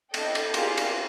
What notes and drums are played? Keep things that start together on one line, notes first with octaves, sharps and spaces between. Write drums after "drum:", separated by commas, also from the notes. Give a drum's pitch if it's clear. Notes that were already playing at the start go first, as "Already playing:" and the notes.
A4 D#5 G5, drum: cymbal
drum: cymbal
F4 G4 G#4 A#4 D5 F5, drum: cymbal
drum: cymbal